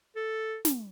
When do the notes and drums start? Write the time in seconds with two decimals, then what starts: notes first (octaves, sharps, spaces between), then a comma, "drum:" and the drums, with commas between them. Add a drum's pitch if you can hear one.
0.16 A4
0.65 drum: snare